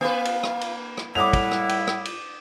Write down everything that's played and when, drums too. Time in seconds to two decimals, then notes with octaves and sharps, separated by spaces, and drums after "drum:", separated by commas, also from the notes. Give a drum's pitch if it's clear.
0.01 A#3 B4 F5
0.25 drum: cymbal
0.43 drum: rim click
0.61 drum: cymbal
0.97 drum: rim click
1.15 A2 G3 E4 F#5 D6 D#6 F7
1.33 drum: kick, cymbal
1.51 drum: rim click
1.69 drum: cymbal
1.87 drum: rim click
2.05 drum: cymbal